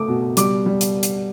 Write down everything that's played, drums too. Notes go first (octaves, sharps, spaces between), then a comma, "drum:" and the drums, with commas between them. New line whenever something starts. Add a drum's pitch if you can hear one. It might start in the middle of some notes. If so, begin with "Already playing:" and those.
Already playing: A3 D6 D#6
B2
G3 D6, drum: hi-hat
G3
drum: hi-hat
drum: hi-hat